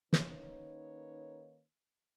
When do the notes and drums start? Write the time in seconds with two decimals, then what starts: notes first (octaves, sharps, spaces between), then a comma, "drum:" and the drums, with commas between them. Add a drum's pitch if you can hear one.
0.13 D#3 A#3 C#4 D#4 B4 C#5, drum: snare